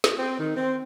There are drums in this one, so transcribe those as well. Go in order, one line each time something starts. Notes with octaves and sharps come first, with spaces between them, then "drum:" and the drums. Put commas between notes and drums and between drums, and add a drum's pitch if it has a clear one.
drum: snare
C4
D#3
C4